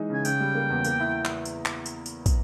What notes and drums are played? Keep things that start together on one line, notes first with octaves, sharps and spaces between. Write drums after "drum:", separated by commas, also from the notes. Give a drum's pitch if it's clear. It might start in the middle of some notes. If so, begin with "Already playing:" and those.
Already playing: E3 G#3 D#4
C#3 G#5
C#3 G5, drum: tambourine
G3
A#3
E2
A#3, drum: tambourine
E4
drum: clap
drum: tambourine
drum: clap
drum: tambourine
drum: tambourine
drum: kick, tambourine